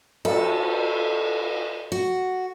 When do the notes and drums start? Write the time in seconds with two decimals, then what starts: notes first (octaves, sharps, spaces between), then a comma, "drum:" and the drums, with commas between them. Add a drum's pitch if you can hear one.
0.25 A4, drum: cymbal
1.92 F#4